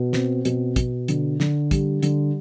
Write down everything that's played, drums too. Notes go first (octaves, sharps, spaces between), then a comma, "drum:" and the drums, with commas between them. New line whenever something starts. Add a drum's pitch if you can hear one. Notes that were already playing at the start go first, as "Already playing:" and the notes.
Already playing: B2
C4, drum: snare
B2, drum: hi-hat
B2, drum: kick, hi-hat
D3, drum: hi-hat
D3, drum: snare
G3, drum: kick, hi-hat
D3, drum: hi-hat